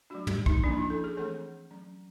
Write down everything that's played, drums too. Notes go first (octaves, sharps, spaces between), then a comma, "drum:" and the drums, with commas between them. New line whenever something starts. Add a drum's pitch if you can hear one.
F#3 A3 D4 F#4
drum: tom
D#4, drum: kick B1
F3 A#3 C#4 D4
E4
A4
G#4
E3 A3 C4 A4
F#3 A3 C#4